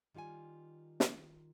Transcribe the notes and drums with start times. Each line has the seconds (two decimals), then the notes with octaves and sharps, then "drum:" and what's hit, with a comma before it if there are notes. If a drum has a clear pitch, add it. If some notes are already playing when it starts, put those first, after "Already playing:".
0.14 D#3 G3 F4 F5 G#5
1.00 drum: snare